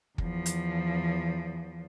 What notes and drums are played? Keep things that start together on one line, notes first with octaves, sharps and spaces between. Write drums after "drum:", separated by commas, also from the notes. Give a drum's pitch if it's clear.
E2 F3, drum: kick
drum: hi-hat